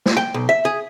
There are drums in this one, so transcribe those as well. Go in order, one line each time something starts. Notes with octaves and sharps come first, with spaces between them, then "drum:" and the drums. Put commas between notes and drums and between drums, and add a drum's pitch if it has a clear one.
drum: snare
G5
B1
E5
G#4